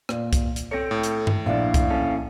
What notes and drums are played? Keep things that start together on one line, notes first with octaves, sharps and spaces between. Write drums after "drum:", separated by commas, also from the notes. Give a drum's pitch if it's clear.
A#2 D5 F5, drum: rim click
drum: kick C2, hi-hat
drum: hi-hat
C4 A4 C#5 A#6 C#7
A2
drum: hi-hat
drum: tom G2
A#1 A#2 D4 E4 D5 F5
drum: kick C2, hi-hat
C#4 A4